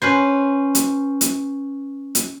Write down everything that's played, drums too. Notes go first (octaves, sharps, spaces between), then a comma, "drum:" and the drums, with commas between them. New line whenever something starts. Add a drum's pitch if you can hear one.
C#4 B4 C5
drum: hi-hat
drum: hi-hat
drum: hi-hat